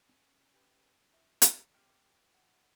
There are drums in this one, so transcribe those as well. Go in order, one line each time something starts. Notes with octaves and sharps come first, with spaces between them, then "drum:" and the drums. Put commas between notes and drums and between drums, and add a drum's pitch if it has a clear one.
C#4 G#5
G4 B4
D#3 F3 E5
drum: hi-hat
A3 C4 G4 G5 F6
F#5